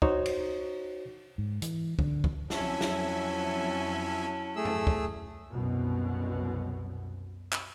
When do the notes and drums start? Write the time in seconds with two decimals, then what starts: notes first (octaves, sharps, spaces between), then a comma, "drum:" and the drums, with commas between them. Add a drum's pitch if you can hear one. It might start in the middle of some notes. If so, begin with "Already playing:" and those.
0.02 D#4 F#4 C5 C#5, drum: kick
0.26 drum: cymbal
1.38 G#2
1.62 E3, drum: hi-hat
1.99 D3, drum: kick
2.24 drum: kick
2.50 F2 F#3 C#4 E4 E5 G#5 A5, drum: snare
2.81 drum: snare
4.56 A3 G#4 E6
4.65 drum: tom F2
4.87 drum: kick
5.51 C2 F#2 B2
7.52 drum: clap